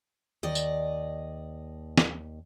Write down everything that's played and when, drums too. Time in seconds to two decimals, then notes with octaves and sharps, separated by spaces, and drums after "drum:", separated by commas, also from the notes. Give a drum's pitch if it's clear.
0.43 D#2 D5 D#5
0.55 drum: tambourine
1.98 drum: snare